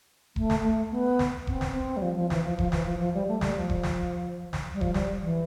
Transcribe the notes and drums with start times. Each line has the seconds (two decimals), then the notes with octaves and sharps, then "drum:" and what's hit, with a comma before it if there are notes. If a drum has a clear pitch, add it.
0.36 A3, drum: kick E1
0.50 drum: snare
0.63 A3
0.91 B3
1.19 drum: snare
1.47 C4, drum: kick E1
1.61 drum: snare
1.74 C4
1.97 G3
2.02 F3
2.17 F3
2.30 E3, drum: snare
2.45 F3
2.59 F3, drum: kick E1
2.72 E3, drum: snare
2.86 F3
3.00 F3
3.14 G3
3.28 A3
3.41 G3, drum: snare
3.56 F3
3.70 drum: kick E1
3.83 drum: snare
4.53 drum: snare
4.74 G3
4.81 F3, drum: kick E1
4.94 G3, drum: snare
5.22 E3